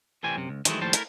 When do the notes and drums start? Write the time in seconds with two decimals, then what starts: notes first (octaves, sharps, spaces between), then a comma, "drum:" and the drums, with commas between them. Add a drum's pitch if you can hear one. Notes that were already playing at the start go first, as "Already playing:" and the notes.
0.23 C2 A2 E3 G3 C4 G#5
0.36 F#2 C3
0.49 C#2
0.65 D#3 E3 F#3 G#3 A3 E4, drum: hi-hat
0.81 D#2 A2 F3 G3 C5 A5
0.93 A3 E4 A4 A#4, drum: hi-hat